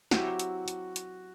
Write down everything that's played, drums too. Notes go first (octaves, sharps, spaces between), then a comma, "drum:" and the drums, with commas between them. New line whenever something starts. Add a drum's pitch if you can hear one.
F#3 C4 E4 F#4 G4, drum: snare
drum: hi-hat
drum: hi-hat
drum: hi-hat